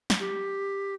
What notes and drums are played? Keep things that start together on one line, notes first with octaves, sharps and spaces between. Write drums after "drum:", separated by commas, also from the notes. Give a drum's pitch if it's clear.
drum: snare
G4